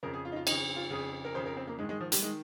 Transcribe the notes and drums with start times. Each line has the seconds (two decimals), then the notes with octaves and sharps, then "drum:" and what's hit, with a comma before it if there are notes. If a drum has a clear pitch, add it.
0.03 F2 C#3 A#4
0.14 G#4
0.25 F4
0.32 D#4
0.36 F4
0.47 F2 C#3 D#4, drum: cymbal
0.76 F4
0.90 F2 C#3 G#4
1.25 A#4
1.35 F2 C#3 C5
1.46 A#4
1.57 C4
1.67 A#3
1.79 G#2 D#3 G#3
1.89 G#3
2.01 F3
2.12 G3, drum: hi-hat
2.22 D#3 G#3